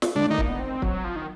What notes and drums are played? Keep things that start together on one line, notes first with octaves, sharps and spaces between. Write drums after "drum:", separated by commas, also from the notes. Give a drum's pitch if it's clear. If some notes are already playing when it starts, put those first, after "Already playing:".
drum: snare
D3 G#3 D4
D#3 A3 D#4
A#3, drum: kick
B3
C4
F#3, drum: kick
F3
D#3